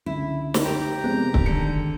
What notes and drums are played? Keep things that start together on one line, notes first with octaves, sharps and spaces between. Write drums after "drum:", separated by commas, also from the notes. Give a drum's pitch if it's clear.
C#2 D3 E4
drum: snare
G4 A#4 D5 G5 A#5
F2 C3 G#3 B3 C4
drum: kick
D3 D#3 D5 C#7